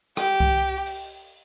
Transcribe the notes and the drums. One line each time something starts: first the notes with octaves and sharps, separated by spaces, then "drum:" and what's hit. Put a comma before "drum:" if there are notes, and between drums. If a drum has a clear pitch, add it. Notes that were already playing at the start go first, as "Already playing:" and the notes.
G4, drum: rim click
drum: kick C2
drum: open hi-hat